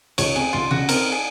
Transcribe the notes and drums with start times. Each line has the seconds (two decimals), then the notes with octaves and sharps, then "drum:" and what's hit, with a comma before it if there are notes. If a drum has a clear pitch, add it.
0.18 C#2 C#5, drum: cymbal
0.35 C4 G#4
0.53 C#2 F4
0.71 C#3 F#4
0.89 C4 A#4, drum: cymbal
1.12 G#4